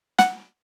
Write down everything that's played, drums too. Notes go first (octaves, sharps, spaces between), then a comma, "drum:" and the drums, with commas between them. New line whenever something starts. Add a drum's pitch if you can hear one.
F#5, drum: snare